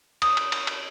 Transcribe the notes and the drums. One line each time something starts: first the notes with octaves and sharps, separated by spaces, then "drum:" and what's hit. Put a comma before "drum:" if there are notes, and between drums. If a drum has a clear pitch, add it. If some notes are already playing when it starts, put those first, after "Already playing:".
D#6, drum: cymbal
drum: cymbal
drum: cymbal
drum: cymbal